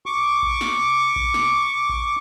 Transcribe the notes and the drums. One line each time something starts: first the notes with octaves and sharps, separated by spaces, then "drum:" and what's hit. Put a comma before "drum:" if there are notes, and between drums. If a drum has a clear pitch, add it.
C#6 D6
drum: kick A#1
drum: snare
drum: kick A#1
drum: snare
drum: kick A#1